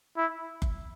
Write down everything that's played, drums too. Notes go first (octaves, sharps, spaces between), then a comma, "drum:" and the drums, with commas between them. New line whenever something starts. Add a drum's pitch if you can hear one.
E4
drum: kick F#1